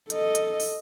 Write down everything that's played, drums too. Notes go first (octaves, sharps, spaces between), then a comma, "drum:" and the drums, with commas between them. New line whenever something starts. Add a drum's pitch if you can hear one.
A4 D#5, drum: hi-hat
drum: hi-hat
drum: open hi-hat